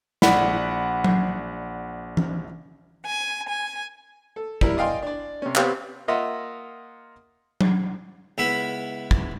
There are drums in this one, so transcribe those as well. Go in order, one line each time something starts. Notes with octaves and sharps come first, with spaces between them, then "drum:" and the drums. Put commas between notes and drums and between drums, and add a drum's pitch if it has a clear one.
A#1 D5 F#5 B5, drum: snare
drum: tom F#3
drum: tom E3
G#5
G#5
A4
G3 E4 A#4, drum: kick
D5 D#5 F5 G5 G#5 C6
D4 D5
C3 C#4
B3 C4 G4 C#5 F5, drum: clap
A#3 F4 D#5 E5 F#5
drum: tom F#3
C#2 B3 E4 E5 B5
drum: kick